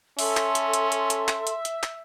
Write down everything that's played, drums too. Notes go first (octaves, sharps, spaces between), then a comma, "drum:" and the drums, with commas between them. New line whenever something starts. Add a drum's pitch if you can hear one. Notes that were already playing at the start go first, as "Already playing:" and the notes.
C#4 A4 E5 C6, drum: open hi-hat
drum: clap
drum: hi-hat
drum: hi-hat
drum: hi-hat
drum: hi-hat
drum: clap
drum: hi-hat
drum: hi-hat
drum: clap